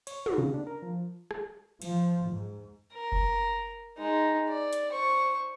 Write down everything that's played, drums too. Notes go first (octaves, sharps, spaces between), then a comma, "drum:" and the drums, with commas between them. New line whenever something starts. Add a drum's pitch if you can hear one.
C#5, drum: cymbal
F#4, drum: tom
C#3
D4
A#4
F3
drum: rim click
F3, drum: cymbal
G#2
A#4
drum: kick F#1
G#3 D#4
D5
drum: hi-hat
C5 C#6